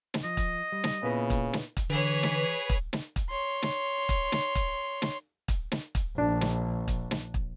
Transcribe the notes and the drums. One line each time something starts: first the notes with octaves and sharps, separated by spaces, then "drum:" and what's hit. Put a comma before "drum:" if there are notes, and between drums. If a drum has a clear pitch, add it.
drum: snare
F3 D#5
drum: kick, hi-hat
G3
drum: snare
A#2 C#3 B3 E4 B4
drum: kick, hi-hat
drum: snare
drum: kick, hi-hat
D3 E3 G#4 B4 C#5
drum: snare
drum: kick, hi-hat
drum: snare
drum: kick, hi-hat
C#5 C6
drum: snare
drum: kick, hi-hat
drum: snare
drum: kick, hi-hat
drum: snare
drum: kick, hi-hat
drum: snare
drum: kick, hi-hat
A#1 D4
drum: snare
drum: kick, hi-hat
drum: snare
drum: kick